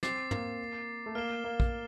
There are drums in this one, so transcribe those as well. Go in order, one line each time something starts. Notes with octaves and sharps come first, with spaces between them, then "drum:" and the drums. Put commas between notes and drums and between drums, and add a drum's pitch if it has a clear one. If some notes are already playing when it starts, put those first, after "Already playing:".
C4 D6 A6 C7, drum: snare
A#3, drum: tom
A3
A#3 F6 C7 E7 G7
A#3
drum: kick